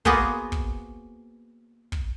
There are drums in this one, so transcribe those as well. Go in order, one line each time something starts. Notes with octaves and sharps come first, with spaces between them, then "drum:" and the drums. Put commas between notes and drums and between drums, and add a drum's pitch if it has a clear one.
A#3 B3 F#4 G#4 B4 C5, drum: kick
drum: kick
drum: kick